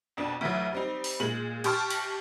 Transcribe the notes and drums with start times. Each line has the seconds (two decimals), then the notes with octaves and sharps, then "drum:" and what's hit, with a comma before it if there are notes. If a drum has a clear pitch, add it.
0.17 F2 B2 D4
0.41 D2 E3 F#3
0.73 G3 C4 D#4
1.04 drum: open hi-hat
1.20 A#2 G#3 F#7
1.64 G4 G5 A5 C6 C#6 F6, drum: cymbal
1.90 drum: cymbal